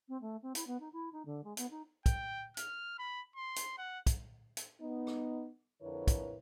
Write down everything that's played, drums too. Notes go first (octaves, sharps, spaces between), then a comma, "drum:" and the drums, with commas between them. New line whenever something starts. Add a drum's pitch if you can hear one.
C4
A3
C4
E4, drum: hi-hat
B3
D#4
E4
D#4
D3
G#3
B3, drum: hi-hat
D#4
G5, drum: kick, hi-hat
F6, drum: hi-hat
B5
C6
drum: hi-hat
F#5
drum: kick, hi-hat
drum: hi-hat
B3 D#4
drum: rim click
F2 D3 E4 A#4 B4 C#5
drum: kick, hi-hat